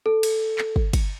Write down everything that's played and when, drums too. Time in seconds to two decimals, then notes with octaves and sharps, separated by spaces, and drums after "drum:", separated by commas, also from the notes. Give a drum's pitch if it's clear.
0.06 A4
0.23 drum: cymbal
0.58 drum: clap
0.76 drum: kick
0.93 drum: kick, cymbal